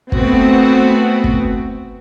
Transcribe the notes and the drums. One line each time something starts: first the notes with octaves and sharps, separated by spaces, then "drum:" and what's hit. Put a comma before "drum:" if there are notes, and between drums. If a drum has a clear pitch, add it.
A3 B3 C4 F#4, drum: kick
drum: kick